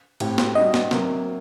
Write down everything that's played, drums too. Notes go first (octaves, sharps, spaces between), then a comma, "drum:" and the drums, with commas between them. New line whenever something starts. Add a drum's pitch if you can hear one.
A2 A3 C4 G4, drum: cymbal
drum: snare
G3 D4 F#4 D#5
drum: snare
C3 F#3 A#3, drum: snare